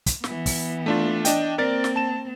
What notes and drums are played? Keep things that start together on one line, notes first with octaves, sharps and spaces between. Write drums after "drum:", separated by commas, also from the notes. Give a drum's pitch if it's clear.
drum: kick, hi-hat
E3 B3, drum: snare
drum: kick, open hi-hat
A3 D4 F4
D4 D#5 G5, drum: hi-hat
A#3 C4 A#4 D5 A6
drum: snare
A5 E7